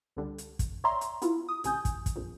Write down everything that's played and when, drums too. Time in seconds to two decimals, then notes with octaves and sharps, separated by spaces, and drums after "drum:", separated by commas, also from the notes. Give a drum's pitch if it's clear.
0.17 C#2 D3 G3
0.38 drum: hi-hat
0.59 drum: kick, hi-hat
0.84 C#5 D5 E5 A#5 C6
1.01 drum: hi-hat
1.22 B3 E4 F4, drum: hi-hat
1.49 D#6
1.64 A1 C3 G#5 D#6 G6, drum: hi-hat
1.85 drum: kick, hi-hat
2.06 drum: kick, hi-hat
2.15 A#1 F2